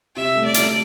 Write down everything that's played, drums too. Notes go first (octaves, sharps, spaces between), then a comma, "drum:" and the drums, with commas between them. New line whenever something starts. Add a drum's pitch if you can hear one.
C3 E5
A3
D5
A3, drum: hi-hat